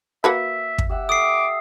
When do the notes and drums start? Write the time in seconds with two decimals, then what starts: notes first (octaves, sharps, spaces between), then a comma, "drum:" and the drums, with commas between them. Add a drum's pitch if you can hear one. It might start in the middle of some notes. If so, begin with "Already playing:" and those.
0.24 A#3 F#4 B4 E5
0.78 drum: kick
0.89 G4 E5 F#5
1.09 A4 D6 D#6 C7